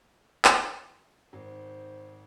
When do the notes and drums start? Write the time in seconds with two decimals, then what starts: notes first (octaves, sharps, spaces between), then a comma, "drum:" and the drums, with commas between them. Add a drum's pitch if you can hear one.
0.45 drum: clap
1.33 G#1 C5